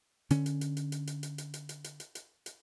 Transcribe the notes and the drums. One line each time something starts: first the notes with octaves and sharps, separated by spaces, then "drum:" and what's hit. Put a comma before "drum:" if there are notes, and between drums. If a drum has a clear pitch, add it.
D3 C#4, drum: hi-hat
drum: hi-hat
drum: hi-hat
drum: hi-hat
drum: hi-hat
drum: hi-hat
drum: hi-hat
drum: hi-hat
drum: hi-hat
drum: hi-hat
drum: hi-hat
drum: hi-hat
drum: hi-hat
drum: hi-hat